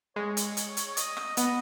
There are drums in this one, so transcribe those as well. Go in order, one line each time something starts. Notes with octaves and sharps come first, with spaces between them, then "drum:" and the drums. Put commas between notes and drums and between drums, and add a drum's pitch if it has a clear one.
G#3 C#5
drum: hi-hat
drum: hi-hat
drum: hi-hat
D#5, drum: hi-hat
drum: rim click
B3 D#5, drum: hi-hat